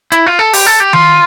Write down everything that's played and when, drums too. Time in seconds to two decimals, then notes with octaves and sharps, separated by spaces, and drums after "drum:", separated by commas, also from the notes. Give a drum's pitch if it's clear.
0.12 E4, drum: hi-hat
0.26 F4
0.39 A4
0.53 G4, drum: open hi-hat
0.66 A4
0.80 G4
0.93 F4, drum: tom D#3